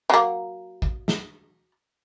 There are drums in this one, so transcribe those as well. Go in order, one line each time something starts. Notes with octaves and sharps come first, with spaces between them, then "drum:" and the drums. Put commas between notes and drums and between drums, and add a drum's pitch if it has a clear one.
F#3 A#3
drum: kick A1
drum: snare